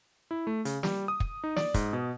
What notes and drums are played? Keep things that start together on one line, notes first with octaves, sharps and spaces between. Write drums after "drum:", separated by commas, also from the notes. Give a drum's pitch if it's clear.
E4
A3
C#3, drum: hi-hat
G3, drum: snare
D#6
drum: kick
D#4
D5, drum: snare
G#2, drum: kick, hi-hat
B2